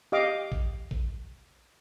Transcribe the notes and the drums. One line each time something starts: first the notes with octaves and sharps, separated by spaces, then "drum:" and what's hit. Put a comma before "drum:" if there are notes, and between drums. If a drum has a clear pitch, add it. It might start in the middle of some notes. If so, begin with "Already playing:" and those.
G4 D#5 F5 D6
drum: kick
drum: kick